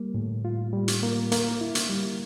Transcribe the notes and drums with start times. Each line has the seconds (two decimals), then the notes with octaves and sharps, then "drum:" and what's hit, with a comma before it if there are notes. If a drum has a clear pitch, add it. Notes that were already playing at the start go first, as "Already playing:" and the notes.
Already playing: G3 A#3
0.14 A2
0.45 F4
0.73 G3
0.88 drum: hi-hat
1.03 A#3
1.32 A#3, drum: hi-hat
1.61 E4
1.75 drum: hi-hat
1.90 G3